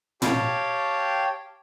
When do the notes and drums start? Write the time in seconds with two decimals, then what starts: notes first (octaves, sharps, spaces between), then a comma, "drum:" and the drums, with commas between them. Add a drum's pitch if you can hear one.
0.22 G4 C#5 F5 G5 A5, drum: tom